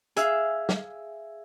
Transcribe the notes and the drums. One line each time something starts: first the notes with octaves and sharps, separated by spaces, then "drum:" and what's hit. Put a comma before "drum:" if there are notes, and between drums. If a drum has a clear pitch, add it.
G#4 E5 F5, drum: hi-hat
drum: snare